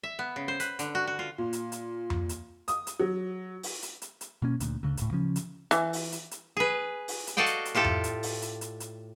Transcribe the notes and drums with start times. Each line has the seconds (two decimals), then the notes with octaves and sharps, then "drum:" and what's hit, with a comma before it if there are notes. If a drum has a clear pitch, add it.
0.03 E5
0.19 B3
0.36 C#3
0.48 C5
0.60 B4, drum: hi-hat
0.79 D3, drum: hi-hat
0.95 F#4
1.07 F#4
1.19 F4
1.38 A#2
1.53 drum: hi-hat
1.72 drum: hi-hat
2.10 drum: tom F2
2.29 drum: hi-hat
2.68 D#6, drum: hi-hat
2.87 drum: hi-hat
3.00 F#3
3.63 drum: open hi-hat
3.82 drum: hi-hat
4.02 drum: hi-hat
4.21 drum: hi-hat
4.42 B2 A#3 C#4
4.60 D2 A#2, drum: hi-hat
4.83 D2 C#3
4.97 D1 A2, drum: hi-hat
5.11 C#3 F3 C#4
5.36 drum: hi-hat
5.71 E3, drum: hi-hat
5.93 drum: open hi-hat
6.12 drum: hi-hat
6.31 drum: hi-hat
6.57 G#4 B4
7.08 drum: open hi-hat
7.27 drum: hi-hat
7.37 F#4 A4 D5 D#5 F5 G5
7.46 drum: hi-hat
7.65 drum: hi-hat
7.75 A2 F4 G4 A4
7.85 drum: tom F2
8.04 drum: hi-hat
8.23 drum: open hi-hat
8.42 drum: hi-hat
8.61 drum: hi-hat
8.80 drum: hi-hat